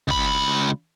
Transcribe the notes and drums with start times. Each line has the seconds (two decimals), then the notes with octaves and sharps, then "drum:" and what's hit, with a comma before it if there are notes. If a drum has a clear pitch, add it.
0.08 C#2 B5, drum: kick